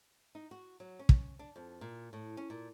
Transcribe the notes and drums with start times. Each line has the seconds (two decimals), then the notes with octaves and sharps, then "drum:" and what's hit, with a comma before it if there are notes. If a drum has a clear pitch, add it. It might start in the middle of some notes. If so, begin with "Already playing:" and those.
0.35 D#4
0.51 F#4
0.80 F#3
0.99 C#4
1.09 drum: kick
1.39 D4
1.56 F2
1.81 A#2
2.13 A2
2.37 C#4
2.50 A#2